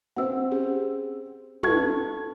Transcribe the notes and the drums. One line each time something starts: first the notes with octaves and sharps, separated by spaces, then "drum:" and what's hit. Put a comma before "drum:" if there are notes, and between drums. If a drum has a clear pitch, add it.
C4 C5 F#5 E6
C#4 G4 G#4
A4 B4 C#6 G#6, drum: tom